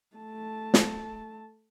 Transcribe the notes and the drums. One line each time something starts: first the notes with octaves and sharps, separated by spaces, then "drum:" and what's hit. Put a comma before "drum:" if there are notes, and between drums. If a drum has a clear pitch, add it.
A3 A5
drum: snare